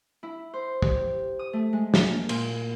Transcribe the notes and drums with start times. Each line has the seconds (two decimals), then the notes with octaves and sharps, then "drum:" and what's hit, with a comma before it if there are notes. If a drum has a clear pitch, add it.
0.23 E4
0.54 C5
0.82 G4, drum: kick
1.39 D#6
1.53 A3
1.73 G#3
1.94 drum: snare
2.10 A#3
2.29 A#2, drum: cymbal